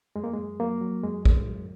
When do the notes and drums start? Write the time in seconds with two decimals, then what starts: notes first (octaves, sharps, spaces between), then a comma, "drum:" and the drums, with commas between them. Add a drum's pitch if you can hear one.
0.16 F#2 G#3
0.24 A#3
0.33 F#2 G#3
0.60 F#3 A#3
0.81 F#3
1.03 F#2 G#3
1.25 G#3, drum: kick
1.48 F#2